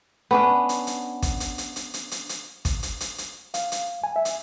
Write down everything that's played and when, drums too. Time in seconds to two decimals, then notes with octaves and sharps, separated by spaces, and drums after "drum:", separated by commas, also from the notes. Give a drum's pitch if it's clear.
0.31 B3 C#4 D4
0.69 drum: hi-hat
0.87 drum: hi-hat
1.22 drum: kick, hi-hat
1.40 drum: hi-hat
1.58 drum: hi-hat
1.76 drum: hi-hat
1.94 drum: hi-hat
2.11 drum: hi-hat
2.29 drum: hi-hat
2.65 drum: kick, hi-hat
2.83 drum: hi-hat
3.00 drum: hi-hat
3.18 drum: hi-hat
3.54 F5, drum: hi-hat
3.72 drum: hi-hat
4.04 G#5
4.16 E5
4.25 drum: hi-hat